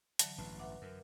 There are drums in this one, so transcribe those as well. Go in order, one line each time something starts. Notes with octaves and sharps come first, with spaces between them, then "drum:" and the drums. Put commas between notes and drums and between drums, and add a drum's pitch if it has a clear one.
D3 E3 F#3 A5 C#7, drum: hi-hat
A1 G2 B4 A5
B4 E5 F#5 D6
F#2 A#4